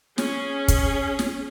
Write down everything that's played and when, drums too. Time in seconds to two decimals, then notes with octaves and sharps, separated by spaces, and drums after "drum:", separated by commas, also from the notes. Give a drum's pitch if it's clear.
0.18 C#4 G#4, drum: snare
0.68 drum: kick, hi-hat
1.19 drum: snare